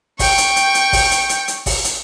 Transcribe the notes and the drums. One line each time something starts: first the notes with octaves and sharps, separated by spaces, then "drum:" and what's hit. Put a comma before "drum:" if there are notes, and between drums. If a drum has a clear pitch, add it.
G5 C#6, drum: kick G#1, open hi-hat
drum: hi-hat
drum: hi-hat
drum: hi-hat
drum: kick G#1, open hi-hat
drum: hi-hat
drum: hi-hat
drum: hi-hat
drum: kick G#1, open hi-hat
drum: hi-hat